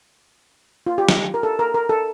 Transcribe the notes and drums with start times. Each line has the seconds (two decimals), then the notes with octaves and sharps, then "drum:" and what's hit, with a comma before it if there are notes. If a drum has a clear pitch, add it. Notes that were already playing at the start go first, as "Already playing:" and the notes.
0.87 F4
0.98 G4
1.09 drum: snare
1.34 A#4
1.43 A4
1.59 A#4
1.74 A#4
1.89 A4